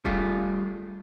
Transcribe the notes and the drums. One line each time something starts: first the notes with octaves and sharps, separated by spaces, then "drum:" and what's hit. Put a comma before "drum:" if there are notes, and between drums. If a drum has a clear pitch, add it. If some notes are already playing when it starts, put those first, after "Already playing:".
G3 A3 F4 G#4, drum: kick D#1